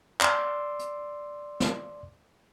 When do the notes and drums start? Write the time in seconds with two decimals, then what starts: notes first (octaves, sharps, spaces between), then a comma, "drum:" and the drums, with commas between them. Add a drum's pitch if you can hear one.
0.21 D5 C6 D6 E6, drum: clap
0.79 drum: hi-hat
1.60 drum: snare